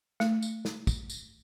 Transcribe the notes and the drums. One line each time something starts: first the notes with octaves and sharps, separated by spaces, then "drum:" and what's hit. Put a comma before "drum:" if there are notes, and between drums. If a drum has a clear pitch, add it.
A3, drum: snare
drum: tambourine
drum: snare
drum: kick, tambourine
drum: tambourine